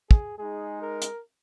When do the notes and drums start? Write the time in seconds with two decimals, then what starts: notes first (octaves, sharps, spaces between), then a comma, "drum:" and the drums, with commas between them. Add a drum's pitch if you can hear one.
0.11 G#4, drum: kick
0.39 G#3 D#4 G#4
0.83 A#4
1.02 drum: hi-hat